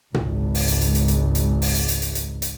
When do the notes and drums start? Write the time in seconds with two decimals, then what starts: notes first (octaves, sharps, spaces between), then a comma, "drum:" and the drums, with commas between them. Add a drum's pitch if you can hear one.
0.14 G#1 C#2, drum: tom A#2
0.55 drum: open hi-hat
0.68 drum: hi-hat
0.81 drum: hi-hat
0.95 drum: hi-hat
1.08 drum: hi-hat
1.35 drum: hi-hat
1.62 drum: open hi-hat
1.75 drum: hi-hat
1.88 drum: hi-hat
2.02 drum: hi-hat
2.15 drum: hi-hat
2.42 drum: hi-hat